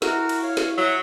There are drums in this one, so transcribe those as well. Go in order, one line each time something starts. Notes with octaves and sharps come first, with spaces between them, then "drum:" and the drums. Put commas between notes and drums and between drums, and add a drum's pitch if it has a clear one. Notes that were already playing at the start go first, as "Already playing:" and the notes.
E4 F#4 A#4, drum: snare
drum: cymbal
C#5 F5
drum: snare
F#3 E5 F#5 E6